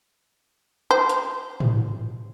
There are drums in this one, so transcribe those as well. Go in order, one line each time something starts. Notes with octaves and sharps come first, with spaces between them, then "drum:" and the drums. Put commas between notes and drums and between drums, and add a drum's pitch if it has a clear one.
C5
drum: hi-hat
drum: tom G#2